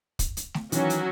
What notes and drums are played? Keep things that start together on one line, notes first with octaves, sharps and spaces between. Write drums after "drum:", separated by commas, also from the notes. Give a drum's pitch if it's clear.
drum: kick, hi-hat
drum: hi-hat
drum: snare A3
D#3 E3 F#3 C#4 F#4, drum: hi-hat
drum: hi-hat